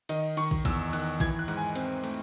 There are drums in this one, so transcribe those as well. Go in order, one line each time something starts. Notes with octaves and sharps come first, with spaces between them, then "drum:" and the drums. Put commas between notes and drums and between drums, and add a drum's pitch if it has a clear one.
D#3 D#5, drum: cymbal
D#3 C#6, drum: cymbal
drum: kick
E2 E6, drum: kick, cymbal
D#3 F#6, drum: cymbal
E3 G#6, drum: kick, cymbal
F#6
G#2, drum: cymbal
G#5
C4, drum: cymbal
A3, drum: cymbal